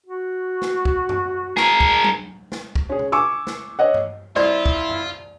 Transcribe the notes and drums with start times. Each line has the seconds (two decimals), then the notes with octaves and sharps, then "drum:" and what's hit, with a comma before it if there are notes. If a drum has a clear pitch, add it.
0.06 F#4
0.62 drum: snare
0.85 drum: kick
1.09 drum: tom F#2
1.57 G#4 A#4, drum: snare
1.80 drum: kick
2.04 drum: tom F#3
2.52 drum: snare
2.75 drum: kick
2.89 C#4 G#4
2.99 drum: tom C3
3.12 G#5 C#6 D6 E6
3.47 drum: snare
3.79 C#5 D#5 F#5
3.94 drum: tom G2
4.36 C2 E4 F4 C5 D5 C6
4.66 drum: kick
4.89 drum: tom F#2